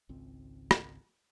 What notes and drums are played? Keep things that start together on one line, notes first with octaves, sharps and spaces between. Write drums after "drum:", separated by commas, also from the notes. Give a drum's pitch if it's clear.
G#1 C#2 C4
drum: rim click